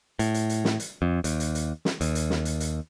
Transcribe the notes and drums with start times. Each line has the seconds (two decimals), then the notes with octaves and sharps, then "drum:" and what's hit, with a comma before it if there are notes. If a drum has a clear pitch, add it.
0.19 A2, drum: hi-hat
0.34 drum: hi-hat
0.49 drum: hi-hat
0.65 drum: snare
0.80 drum: hi-hat
1.02 F2
1.24 D#2, drum: hi-hat
1.40 drum: hi-hat
1.55 drum: hi-hat
1.85 drum: snare
2.01 D#2, drum: hi-hat
2.15 drum: hi-hat
2.30 drum: snare
2.45 drum: hi-hat
2.60 drum: hi-hat